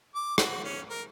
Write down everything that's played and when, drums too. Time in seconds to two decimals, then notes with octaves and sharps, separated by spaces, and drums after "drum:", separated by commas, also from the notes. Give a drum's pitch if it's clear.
0.15 D6
0.38 F#4, drum: rim click
0.64 C#4
0.90 A#4